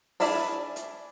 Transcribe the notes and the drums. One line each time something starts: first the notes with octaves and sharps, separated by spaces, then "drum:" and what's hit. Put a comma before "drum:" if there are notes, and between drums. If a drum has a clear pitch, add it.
D4 E4 G#4 D5 E5, drum: open hi-hat
drum: hi-hat